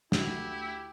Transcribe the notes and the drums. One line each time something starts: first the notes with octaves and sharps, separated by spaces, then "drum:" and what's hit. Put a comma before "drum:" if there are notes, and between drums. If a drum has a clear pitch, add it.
D2 E4 G4, drum: snare